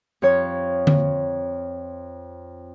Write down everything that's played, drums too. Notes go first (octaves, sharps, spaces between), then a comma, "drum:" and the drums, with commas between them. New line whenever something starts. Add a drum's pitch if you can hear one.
F2 F3 C#5
drum: tom D3